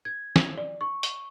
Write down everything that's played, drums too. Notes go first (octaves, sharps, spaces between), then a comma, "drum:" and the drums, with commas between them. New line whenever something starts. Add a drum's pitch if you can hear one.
G#6
drum: snare
D5
C#6
drum: hi-hat